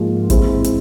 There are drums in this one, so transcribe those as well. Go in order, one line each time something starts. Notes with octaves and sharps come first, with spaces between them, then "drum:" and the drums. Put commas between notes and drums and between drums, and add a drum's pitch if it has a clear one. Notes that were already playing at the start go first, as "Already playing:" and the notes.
Already playing: G#2 F3 A#3 F4 G#4
E3 G#3 C4 E4, drum: kick, hi-hat
drum: hi-hat